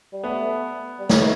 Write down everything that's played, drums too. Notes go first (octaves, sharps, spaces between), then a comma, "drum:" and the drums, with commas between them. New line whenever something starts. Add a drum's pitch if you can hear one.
G3
A3 B3
G3
F#3, drum: snare
E3